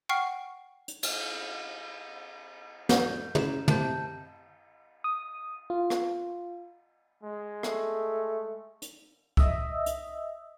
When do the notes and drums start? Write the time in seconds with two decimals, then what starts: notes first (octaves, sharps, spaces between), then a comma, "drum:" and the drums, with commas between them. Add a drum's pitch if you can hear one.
0.09 F#5 G5 C#6 F6 C7
0.88 drum: hi-hat
1.03 drum: cymbal
2.89 D2 G6, drum: snare
3.35 C#3 A#5 E7, drum: tom
3.68 C3 A5 G6, drum: tom
5.04 D#6
5.70 F4
5.90 drum: rim click
7.23 G#3
7.63 A3, drum: rim click
8.82 drum: hi-hat
9.37 D#5 E5, drum: kick C2
9.86 drum: hi-hat